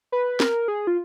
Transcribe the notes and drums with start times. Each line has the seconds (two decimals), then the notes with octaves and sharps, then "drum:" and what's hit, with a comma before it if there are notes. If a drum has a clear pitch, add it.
0.12 B4
0.40 A#4, drum: snare
0.68 G#4
0.87 F4